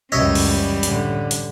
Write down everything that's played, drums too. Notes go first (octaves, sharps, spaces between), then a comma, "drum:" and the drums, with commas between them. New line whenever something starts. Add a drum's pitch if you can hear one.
C#2 F#2 E3 G3 C#4 C#5 D#5 E5
drum: open hi-hat
A2 D3, drum: hi-hat
drum: hi-hat